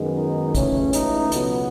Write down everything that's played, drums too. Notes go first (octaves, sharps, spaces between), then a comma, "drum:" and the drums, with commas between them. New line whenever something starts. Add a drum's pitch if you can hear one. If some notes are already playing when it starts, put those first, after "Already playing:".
Already playing: F#2 D#3 G#3 B3
D#4
C#2 C#3 E3 A3 C#4, drum: kick, hi-hat
D#4, drum: hi-hat
C#2 B2 F#3 B3, drum: hi-hat